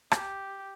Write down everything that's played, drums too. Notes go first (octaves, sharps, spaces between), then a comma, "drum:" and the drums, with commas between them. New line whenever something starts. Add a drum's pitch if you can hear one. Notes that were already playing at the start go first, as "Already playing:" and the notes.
G4, drum: rim click